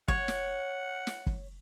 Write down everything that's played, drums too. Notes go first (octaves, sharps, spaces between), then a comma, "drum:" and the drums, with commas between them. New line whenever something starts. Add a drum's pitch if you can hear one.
C#5 F#5, drum: kick F#1
drum: snare
drum: snare
drum: kick F#1